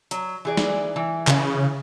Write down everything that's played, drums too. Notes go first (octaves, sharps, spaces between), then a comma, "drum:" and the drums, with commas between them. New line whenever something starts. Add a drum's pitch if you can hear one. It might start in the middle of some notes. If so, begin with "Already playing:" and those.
F#3, drum: hi-hat
E3 G#4 D5
drum: snare G3
E3
C#3, drum: clap